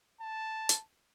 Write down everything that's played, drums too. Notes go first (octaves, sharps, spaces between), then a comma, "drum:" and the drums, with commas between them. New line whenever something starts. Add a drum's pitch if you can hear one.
A5
drum: hi-hat